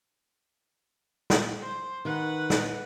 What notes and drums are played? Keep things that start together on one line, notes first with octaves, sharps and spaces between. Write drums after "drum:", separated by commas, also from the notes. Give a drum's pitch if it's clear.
drum: snare
C5
D#3 B4 F#5
drum: snare